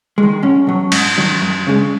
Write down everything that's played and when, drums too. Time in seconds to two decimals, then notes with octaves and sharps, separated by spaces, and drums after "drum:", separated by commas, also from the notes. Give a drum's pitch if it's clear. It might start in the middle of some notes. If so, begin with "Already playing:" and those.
0.18 G#3
0.23 D#3
0.43 B1 C#4
0.67 B2 F#3
0.92 G#2, drum: cymbal
1.18 D#3 F#3
1.42 F#2
1.67 C#3 G#3